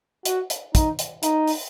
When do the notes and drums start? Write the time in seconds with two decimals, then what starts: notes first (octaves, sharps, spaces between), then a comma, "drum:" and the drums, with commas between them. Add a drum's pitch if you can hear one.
0.25 F#4, drum: hi-hat
0.50 drum: hi-hat
0.75 D#4, drum: kick, hi-hat
0.99 drum: hi-hat
1.23 D#4, drum: hi-hat
1.48 drum: open hi-hat